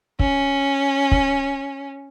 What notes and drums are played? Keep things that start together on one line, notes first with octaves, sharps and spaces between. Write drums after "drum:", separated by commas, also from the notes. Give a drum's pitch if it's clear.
C#4, drum: kick
drum: kick